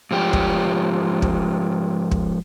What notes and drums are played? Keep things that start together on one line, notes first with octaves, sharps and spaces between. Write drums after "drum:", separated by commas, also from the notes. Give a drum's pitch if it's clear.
G#2 F3 G4
drum: kick
drum: kick
drum: kick